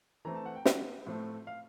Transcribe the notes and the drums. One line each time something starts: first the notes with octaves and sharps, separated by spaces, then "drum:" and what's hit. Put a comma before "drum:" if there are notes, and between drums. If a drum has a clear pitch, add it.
E3 A3 C4 A#5
A5
F#5
G5
F#5, drum: snare
A2 F3 A3 C4
F5